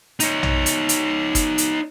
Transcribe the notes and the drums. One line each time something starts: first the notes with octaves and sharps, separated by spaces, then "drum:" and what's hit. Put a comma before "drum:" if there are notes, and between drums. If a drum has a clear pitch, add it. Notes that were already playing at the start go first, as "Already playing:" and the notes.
D#4 C#5, drum: hi-hat
drum: tom A#1
drum: hi-hat
drum: hi-hat
drum: kick, hi-hat
drum: hi-hat